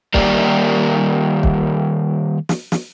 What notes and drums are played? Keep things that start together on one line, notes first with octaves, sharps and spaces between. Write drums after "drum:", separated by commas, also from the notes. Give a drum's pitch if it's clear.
D#3 G3 A#3 G4 A#4 D5, drum: kick
drum: kick
drum: snare
drum: snare